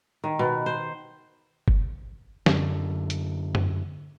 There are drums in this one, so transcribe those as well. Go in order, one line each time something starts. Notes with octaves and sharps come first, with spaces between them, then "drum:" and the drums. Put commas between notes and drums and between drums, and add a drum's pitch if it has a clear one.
D#3
B2
C5
drum: kick F#1
F#2 D3, drum: snare
drum: hi-hat
drum: tom F#2